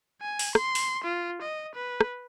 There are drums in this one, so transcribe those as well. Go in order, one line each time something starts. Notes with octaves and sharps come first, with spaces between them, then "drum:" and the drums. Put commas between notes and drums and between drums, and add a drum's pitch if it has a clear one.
G#5
drum: open hi-hat
C6, drum: rim click
drum: open hi-hat
F4
D#5
B4
drum: rim click